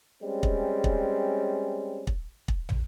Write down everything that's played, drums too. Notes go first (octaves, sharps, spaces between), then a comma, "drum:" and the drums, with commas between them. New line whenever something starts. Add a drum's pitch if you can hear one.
G3 G#3 C4 C#4
drum: kick
drum: kick
drum: kick
drum: kick
drum: tom